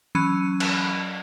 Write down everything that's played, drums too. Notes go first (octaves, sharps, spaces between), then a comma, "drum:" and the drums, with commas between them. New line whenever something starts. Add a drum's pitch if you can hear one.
E3 F#3 C#4 B5 D#7
drum: cymbal